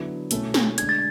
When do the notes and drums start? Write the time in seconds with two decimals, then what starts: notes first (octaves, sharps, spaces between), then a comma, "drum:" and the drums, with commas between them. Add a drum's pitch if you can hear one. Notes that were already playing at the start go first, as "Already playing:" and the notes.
Already playing: D3 F#3 B3 E4
0.31 B2 A3 C#4 E4, drum: hi-hat
0.54 drum: snare
0.78 D3 G#3 D4 G#6, drum: hi-hat
0.89 A6